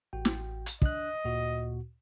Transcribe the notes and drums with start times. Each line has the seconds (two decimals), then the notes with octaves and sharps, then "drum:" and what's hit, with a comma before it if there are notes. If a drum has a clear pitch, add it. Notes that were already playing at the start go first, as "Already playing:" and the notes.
0.13 A1 F#4 G5
0.25 drum: snare
0.66 drum: hi-hat
0.82 D4 D#5 F#6, drum: kick
1.25 D2 A#2 F#4